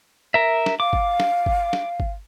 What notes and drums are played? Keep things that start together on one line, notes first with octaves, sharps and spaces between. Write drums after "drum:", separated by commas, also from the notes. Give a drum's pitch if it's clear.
A#4 E5
drum: snare
F5 D6
drum: kick G1
drum: snare
drum: kick G1
drum: snare
drum: kick G1